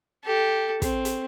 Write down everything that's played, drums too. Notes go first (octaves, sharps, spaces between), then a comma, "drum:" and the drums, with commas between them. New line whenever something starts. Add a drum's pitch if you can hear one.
G4 A4
C4, drum: kick, hi-hat
drum: hi-hat